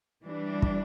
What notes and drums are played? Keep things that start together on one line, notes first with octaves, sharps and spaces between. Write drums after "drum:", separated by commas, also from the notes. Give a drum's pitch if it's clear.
E3 G3 D4
drum: kick